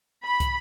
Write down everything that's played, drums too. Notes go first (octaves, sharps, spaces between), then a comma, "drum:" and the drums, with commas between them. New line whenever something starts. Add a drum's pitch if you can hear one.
B5
drum: kick, hi-hat